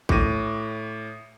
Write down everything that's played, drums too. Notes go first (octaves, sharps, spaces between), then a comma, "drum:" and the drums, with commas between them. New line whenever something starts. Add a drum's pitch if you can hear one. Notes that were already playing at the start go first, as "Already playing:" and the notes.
A2 D6 A#6 D#7, drum: kick A1